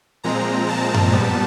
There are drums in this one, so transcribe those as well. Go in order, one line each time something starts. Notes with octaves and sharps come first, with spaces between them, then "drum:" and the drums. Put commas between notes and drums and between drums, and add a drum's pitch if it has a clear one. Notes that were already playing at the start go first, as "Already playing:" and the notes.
A#2 F3 G#3 C4 A#5
A5
drum: tom F#2
A#2 G3 B3